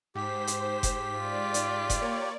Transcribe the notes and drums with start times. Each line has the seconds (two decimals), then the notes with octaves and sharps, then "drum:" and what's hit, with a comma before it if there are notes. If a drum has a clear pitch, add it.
0.15 G#2 G4 C5 B6
0.47 drum: hi-hat
0.83 drum: kick F1, hi-hat
1.18 F4 D5
1.54 drum: hi-hat
1.90 drum: kick F1, hi-hat
2.02 A#3 C#5